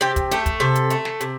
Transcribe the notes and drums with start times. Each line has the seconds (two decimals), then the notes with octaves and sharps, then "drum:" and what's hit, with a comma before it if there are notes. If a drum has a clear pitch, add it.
0.01 C3 G4
0.16 drum: kick, hi-hat
0.31 A3 G4, drum: hi-hat
0.46 drum: kick, hi-hat
0.60 C3 A4
0.75 drum: hi-hat
0.90 A3, drum: hi-hat
1.05 drum: snare
1.21 C3, drum: hi-hat